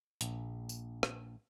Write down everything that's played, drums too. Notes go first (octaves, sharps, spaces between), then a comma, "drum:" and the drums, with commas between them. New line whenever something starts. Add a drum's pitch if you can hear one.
A#1, drum: hi-hat
drum: tambourine
drum: rim click